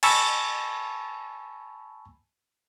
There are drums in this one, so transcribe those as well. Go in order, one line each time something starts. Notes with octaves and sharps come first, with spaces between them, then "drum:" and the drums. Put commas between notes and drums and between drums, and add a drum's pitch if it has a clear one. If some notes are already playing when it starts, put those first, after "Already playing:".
G#5 A5 B5 C#6 E6, drum: cymbal